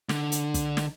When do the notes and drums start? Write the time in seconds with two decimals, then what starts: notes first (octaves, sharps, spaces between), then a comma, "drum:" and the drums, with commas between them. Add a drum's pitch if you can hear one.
0.09 D3, drum: snare
0.32 drum: hi-hat
0.54 drum: kick, hi-hat
0.77 drum: snare